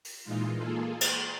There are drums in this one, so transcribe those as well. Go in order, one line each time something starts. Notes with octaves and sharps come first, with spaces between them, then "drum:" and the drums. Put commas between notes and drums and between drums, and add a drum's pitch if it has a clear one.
drum: open hi-hat
A#2 E3 G#3 D#4 F4
A#3 F4 G#4 A4
C6, drum: cymbal